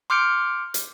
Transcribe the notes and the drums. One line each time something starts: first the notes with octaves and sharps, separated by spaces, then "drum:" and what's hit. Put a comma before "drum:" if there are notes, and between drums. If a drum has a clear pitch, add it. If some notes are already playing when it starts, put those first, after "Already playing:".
C6 D6 F6 G6 C#7 D7
drum: hi-hat